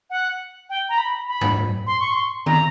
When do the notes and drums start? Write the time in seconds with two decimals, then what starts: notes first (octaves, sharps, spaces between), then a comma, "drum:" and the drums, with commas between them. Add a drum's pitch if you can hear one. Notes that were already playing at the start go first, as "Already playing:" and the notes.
0.10 F#5
0.70 G5
0.89 A#5
0.98 B5
1.28 B5
1.41 drum: tom G#2
1.87 C6
2.00 C#6
2.13 C6
2.46 A#5, drum: tom D#3